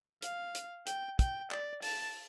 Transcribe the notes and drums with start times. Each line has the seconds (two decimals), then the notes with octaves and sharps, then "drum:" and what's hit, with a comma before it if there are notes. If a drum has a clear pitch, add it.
0.22 F5, drum: hi-hat
0.55 drum: hi-hat
0.87 G5, drum: hi-hat
1.19 G5, drum: kick, hi-hat
1.51 D5, drum: clap
1.82 A5, drum: open hi-hat